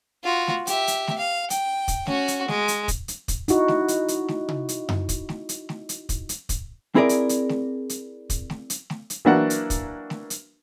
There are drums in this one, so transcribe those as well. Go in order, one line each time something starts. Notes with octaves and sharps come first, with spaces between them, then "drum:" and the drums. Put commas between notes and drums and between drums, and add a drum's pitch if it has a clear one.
F4 F#4
drum: snare A3
G4 E5, drum: hi-hat
drum: hi-hat
drum: snare A3
F5
G5, drum: hi-hat
drum: kick, hi-hat
C#4 F#4, drum: snare A3
drum: hi-hat
G#3, drum: snare A3
drum: hi-hat
drum: kick, hi-hat
drum: hi-hat
drum: kick, hi-hat
D#4 E4 F#4, drum: hi-hat
drum: snare A3
drum: hi-hat
drum: hi-hat
drum: snare A3
drum: tom C3
drum: hi-hat
drum: tom F#2
drum: kick, hi-hat
drum: snare A3
drum: hi-hat
drum: snare A3
drum: hi-hat
drum: kick, hi-hat
drum: hi-hat
drum: kick, hi-hat
C4 E4 G#4 A#4 D5
drum: hi-hat
drum: hi-hat
drum: snare A3
drum: hi-hat
drum: kick, hi-hat
drum: snare A3
drum: hi-hat
drum: snare A3
drum: hi-hat
E3 F#3 A#3 D4 F#4 F#5
drum: hi-hat
drum: kick, hi-hat
drum: snare A3
drum: hi-hat